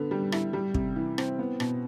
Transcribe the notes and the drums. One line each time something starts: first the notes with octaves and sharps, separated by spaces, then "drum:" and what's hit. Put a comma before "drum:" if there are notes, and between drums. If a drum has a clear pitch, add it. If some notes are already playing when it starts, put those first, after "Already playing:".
Already playing: D3 B3
G3
E4, drum: rim click
G3
C3, drum: kick
E3
C4, drum: rim click
B3
B2, drum: rim click